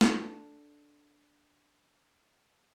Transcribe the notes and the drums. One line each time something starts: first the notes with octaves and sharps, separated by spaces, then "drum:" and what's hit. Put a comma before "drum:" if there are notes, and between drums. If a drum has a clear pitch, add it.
D4 A4, drum: snare